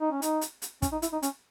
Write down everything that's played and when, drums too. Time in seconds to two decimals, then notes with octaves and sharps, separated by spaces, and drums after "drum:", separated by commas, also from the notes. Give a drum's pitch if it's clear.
0.01 D#4
0.11 C#4
0.22 D#4, drum: hi-hat
0.41 drum: hi-hat
0.62 drum: hi-hat
0.82 C#4, drum: kick, hi-hat
0.92 D#4
1.02 E4, drum: hi-hat
1.13 D#4
1.23 C#4, drum: hi-hat